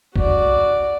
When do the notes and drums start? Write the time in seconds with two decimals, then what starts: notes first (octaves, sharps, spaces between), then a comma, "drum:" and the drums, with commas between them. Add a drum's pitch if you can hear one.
0.16 F#4 D5, drum: kick B1